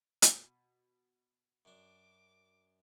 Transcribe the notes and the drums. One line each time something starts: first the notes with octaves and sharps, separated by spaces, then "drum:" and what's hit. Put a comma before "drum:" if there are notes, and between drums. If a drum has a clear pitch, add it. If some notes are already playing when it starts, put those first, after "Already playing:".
B2, drum: hi-hat
F#2 D4 D6